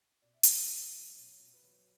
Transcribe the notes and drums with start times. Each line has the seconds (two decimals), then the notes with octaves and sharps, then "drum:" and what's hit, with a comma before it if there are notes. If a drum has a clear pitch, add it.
0.22 B2 D5
0.33 E5
0.43 B2 D5, drum: hi-hat
0.69 F#3
0.93 F#3
1.16 B2 C#5
1.40 B2
1.53 B4
1.63 F#3 C#5